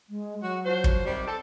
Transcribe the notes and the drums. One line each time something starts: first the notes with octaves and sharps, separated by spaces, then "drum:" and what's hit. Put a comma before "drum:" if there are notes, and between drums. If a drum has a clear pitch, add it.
G#3
F#3 F#4
F3 F#4 C5
drum: kick
C3 D#3 G3
C4 A4